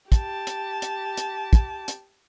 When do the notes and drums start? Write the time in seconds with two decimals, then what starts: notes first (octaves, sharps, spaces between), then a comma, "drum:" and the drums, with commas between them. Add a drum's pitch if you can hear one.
0.12 G4 A5, drum: kick, hi-hat
0.47 drum: hi-hat
0.82 drum: hi-hat
1.17 drum: hi-hat
1.53 drum: kick, hi-hat
1.88 drum: hi-hat